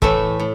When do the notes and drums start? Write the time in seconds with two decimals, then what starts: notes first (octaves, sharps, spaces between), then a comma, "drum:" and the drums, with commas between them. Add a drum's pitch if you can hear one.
0.02 A2 E3 A3 E5, drum: kick
0.40 A2